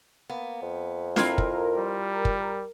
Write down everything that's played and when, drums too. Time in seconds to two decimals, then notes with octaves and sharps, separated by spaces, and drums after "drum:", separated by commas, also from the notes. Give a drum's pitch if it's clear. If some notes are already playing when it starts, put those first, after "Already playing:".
0.30 A#3 B3
0.62 F2
1.16 C4 E4 F4 A#4, drum: snare D4
1.38 drum: kick
1.77 G3
2.25 drum: kick